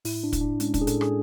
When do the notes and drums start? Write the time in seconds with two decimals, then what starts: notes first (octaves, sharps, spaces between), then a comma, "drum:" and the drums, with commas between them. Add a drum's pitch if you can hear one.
0.05 A2 E4, drum: open hi-hat
0.24 D4
0.33 A2, drum: kick, hi-hat
0.41 D4
0.60 G#3 C#4, drum: hi-hat
0.74 D4, drum: kick, hi-hat
0.81 G#4
0.87 A2 A4, drum: hi-hat
1.01 G#4, drum: rim click